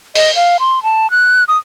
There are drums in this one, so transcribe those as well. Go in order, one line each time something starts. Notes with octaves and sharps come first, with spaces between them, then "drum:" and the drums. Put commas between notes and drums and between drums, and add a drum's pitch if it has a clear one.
D#5, drum: open hi-hat
F5
C6
A5
F#6
D#6